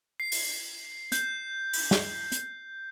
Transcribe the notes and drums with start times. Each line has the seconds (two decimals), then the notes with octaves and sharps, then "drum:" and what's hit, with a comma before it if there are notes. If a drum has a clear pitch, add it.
0.20 C7
0.32 drum: open hi-hat
1.12 G6, drum: hi-hat
1.73 drum: open hi-hat
1.91 drum: snare
2.32 drum: hi-hat